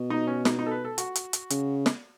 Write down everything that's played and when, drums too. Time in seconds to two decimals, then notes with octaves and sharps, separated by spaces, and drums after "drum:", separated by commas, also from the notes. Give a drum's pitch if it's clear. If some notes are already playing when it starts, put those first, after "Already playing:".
Already playing: B2
0.10 D#4
0.27 C#4
0.45 D#4, drum: snare
0.59 D#4
0.66 A4
0.71 B4
0.85 A4
0.98 F#4, drum: hi-hat
1.15 drum: hi-hat
1.33 drum: hi-hat
1.50 C#3, drum: hi-hat
1.86 drum: snare